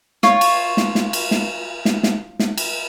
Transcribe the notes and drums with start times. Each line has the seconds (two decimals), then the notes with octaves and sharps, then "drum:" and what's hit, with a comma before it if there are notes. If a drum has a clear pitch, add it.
0.23 F4 C#5, drum: snare
0.41 drum: cymbal
0.77 drum: snare
0.95 drum: snare
1.13 drum: cymbal
1.31 drum: snare
1.85 drum: snare
2.03 drum: snare
2.39 drum: snare
2.58 drum: cymbal